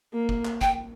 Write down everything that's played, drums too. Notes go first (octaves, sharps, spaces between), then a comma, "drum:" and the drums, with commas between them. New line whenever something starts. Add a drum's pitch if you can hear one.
A#3
drum: kick
drum: clap
G5, drum: kick